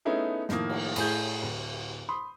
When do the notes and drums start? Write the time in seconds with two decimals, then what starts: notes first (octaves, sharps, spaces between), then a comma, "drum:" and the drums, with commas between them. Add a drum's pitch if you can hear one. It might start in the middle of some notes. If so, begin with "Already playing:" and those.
0.05 A3 B3 C#4 D#4 E4 G#4
0.49 A2 D#3 F3 A#3 D#6, drum: snare
0.70 drum: cymbal
0.96 A2 G#4 G6, drum: cymbal
1.42 D1
2.09 B5 C6 D#6